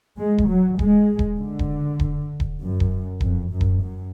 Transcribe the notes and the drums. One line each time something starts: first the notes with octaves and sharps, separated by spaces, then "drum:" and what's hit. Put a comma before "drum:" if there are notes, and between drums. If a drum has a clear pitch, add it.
G#3
drum: kick D#1
F#3
G#3, drum: kick D#1
drum: kick D#1
D3
drum: kick D#1
drum: kick D#1
drum: kick D#1
F#2
drum: kick D#1
F2, drum: kick D#1
F#2
drum: kick D#1
F#2